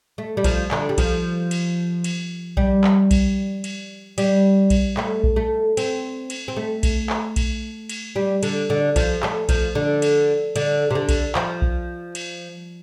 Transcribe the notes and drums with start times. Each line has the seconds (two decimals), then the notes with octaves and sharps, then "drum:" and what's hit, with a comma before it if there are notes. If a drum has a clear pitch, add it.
0.18 A3
0.37 G3
0.44 F3, drum: kick B1, cymbal
0.71 D3, drum: clap
0.89 G3
0.98 F3, drum: kick B1, cymbal
1.51 drum: cymbal
2.04 drum: cymbal
2.57 G3, drum: kick B1
2.84 drum: clap
3.11 drum: kick B1, cymbal
3.64 drum: cymbal
4.18 G3, drum: cymbal
4.70 drum: kick B1, cymbal
4.97 A3, drum: clap
5.23 drum: kick B1
5.36 A3
5.77 C4, drum: cymbal
6.30 drum: cymbal
6.48 C4
6.57 A3
6.83 drum: kick B1, cymbal
7.10 drum: clap
7.36 drum: kick B1, cymbal
7.89 drum: cymbal
8.16 G3
8.43 D3, drum: cymbal
8.70 D3
8.96 F3, drum: kick B1, cymbal
9.23 A3, drum: clap
9.49 F3, drum: kick B1, cymbal
9.75 D3
10.02 drum: cymbal
10.56 D3, drum: cymbal
10.91 C3
10.95 D3
11.09 drum: kick B1, cymbal
11.35 F3, drum: clap
11.62 drum: kick B1
12.15 drum: cymbal